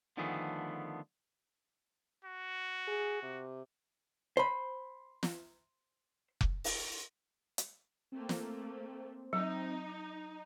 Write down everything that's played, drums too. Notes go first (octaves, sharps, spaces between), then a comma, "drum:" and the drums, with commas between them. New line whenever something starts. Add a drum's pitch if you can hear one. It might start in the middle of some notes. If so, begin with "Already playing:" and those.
D3 D#3 F3 A3 B3 G#4
F#4
G#4
C3
C5 B5
drum: snare
drum: kick F1
drum: open hi-hat
drum: hi-hat
A3 A#3 C4
drum: snare
F#3 D#4